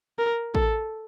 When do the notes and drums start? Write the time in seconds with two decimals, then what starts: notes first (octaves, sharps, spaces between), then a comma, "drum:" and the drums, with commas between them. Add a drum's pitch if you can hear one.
0.19 A#4
0.55 A4, drum: kick A1